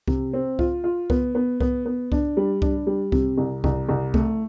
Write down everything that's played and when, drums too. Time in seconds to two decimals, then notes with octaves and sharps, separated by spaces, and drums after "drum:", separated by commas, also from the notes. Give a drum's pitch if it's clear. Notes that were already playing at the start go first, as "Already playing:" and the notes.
0.07 C3, drum: kick C2
0.33 C4
0.59 F4, drum: kick C2
0.84 F4
1.10 B3, drum: kick C2
1.35 B3
1.60 B3, drum: kick C2
1.86 B3
2.12 D4, drum: kick C2
2.37 G3
2.62 D4, drum: kick C2
2.87 G3
3.12 C3, drum: kick C2
3.38 C2
3.64 C2, drum: kick C2
3.89 C2
4.14 A3, drum: kick C2